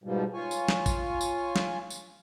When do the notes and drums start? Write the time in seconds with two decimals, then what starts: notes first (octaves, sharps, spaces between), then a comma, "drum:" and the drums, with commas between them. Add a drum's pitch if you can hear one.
0.04 G#2 B2 F3 G3
0.34 F4 C#5 G#5
0.51 drum: tambourine
0.68 drum: snare
0.86 drum: kick A1, tambourine
1.21 drum: tambourine
1.56 drum: snare
1.90 drum: tambourine